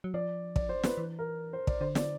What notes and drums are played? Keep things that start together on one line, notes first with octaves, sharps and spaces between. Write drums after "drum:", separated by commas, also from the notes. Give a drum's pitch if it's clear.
F#3
F3 D5
D5, drum: kick
C5
B4, drum: snare
E3
A#4
C5
D5, drum: kick
D3 C5
D5, drum: snare